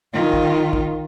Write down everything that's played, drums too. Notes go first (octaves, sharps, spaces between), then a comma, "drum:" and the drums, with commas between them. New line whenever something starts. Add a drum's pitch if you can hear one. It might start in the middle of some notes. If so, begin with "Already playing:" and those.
D#3 F4
drum: kick
drum: kick